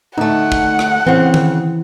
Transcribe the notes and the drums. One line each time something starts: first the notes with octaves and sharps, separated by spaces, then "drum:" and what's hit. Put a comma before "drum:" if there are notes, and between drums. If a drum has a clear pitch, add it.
D2 A3 D#4 F#5
drum: kick
drum: rim click
C#3 E3 C4
drum: tom D#3